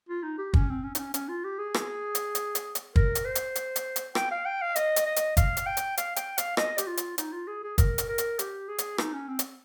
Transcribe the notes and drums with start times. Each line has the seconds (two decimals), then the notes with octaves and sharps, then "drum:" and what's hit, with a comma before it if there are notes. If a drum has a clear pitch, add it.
0.09 F4
0.23 D#4
0.38 G4
0.54 C#4, drum: kick
0.69 C4
0.84 C#4
0.95 D#4, drum: hi-hat
0.99 C#4
1.14 C#4, drum: hi-hat
1.29 F4
1.44 G4
1.59 G#4
1.74 drum: rim click
2.15 drum: hi-hat
2.35 drum: hi-hat
2.55 drum: hi-hat
2.75 drum: hi-hat
2.96 A#4, drum: kick
3.15 drum: hi-hat
3.25 C5
3.35 drum: hi-hat
3.55 drum: hi-hat
3.76 drum: hi-hat
3.96 drum: hi-hat
4.15 G5, drum: rim click
4.31 F5
4.46 G5
4.62 F5
4.76 D#5, drum: hi-hat
4.96 drum: hi-hat
5.06 D#5
5.16 drum: hi-hat
5.37 F5, drum: kick, hi-hat
5.57 drum: hi-hat
5.67 G5
5.77 drum: hi-hat
5.97 F5, drum: hi-hat
6.16 G5, drum: hi-hat
6.38 F5, drum: hi-hat
6.57 D#5, drum: rim click
6.78 G4, drum: hi-hat
6.87 F4
6.97 drum: hi-hat
7.18 D#4, drum: hi-hat
7.32 F4
7.48 G#4
7.63 G#4
7.78 A#4, drum: kick, hi-hat
7.98 drum: hi-hat
8.09 A#4
8.18 drum: hi-hat
8.39 G4, drum: hi-hat
8.69 G#4
8.78 drum: hi-hat
8.98 D#4, drum: rim click
9.13 C#4
9.28 C4
9.39 drum: hi-hat